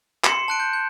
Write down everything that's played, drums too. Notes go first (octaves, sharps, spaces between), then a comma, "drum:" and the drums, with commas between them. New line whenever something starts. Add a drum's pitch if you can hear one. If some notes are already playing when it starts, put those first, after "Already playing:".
C6 C7 C#7 E7, drum: clap
A5 F#6 D7
G6
G6